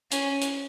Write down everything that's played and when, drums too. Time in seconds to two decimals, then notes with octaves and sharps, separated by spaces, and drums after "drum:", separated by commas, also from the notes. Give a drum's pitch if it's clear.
0.11 C#4, drum: hi-hat
0.41 drum: hi-hat